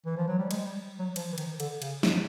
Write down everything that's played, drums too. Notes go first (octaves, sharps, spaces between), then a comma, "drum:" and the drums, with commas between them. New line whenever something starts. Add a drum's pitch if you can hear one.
E3
F3
F#3
G3
G#3, drum: cymbal
G3
F#3
F3, drum: cymbal
E3
D#3, drum: cymbal
D3, drum: cymbal
C#3, drum: cymbal
drum: snare